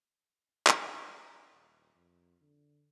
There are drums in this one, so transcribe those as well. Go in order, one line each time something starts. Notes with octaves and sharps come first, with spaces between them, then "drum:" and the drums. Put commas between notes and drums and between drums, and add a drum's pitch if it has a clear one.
drum: clap
D#1
F2
D3